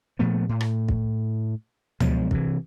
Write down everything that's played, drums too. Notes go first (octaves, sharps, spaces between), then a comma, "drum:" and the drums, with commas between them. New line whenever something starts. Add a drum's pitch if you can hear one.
A#2 F3 A3 B3
A2
drum: rim click
drum: kick
B2 F3 F#3 G#3, drum: tom C#2
C3 E3, drum: kick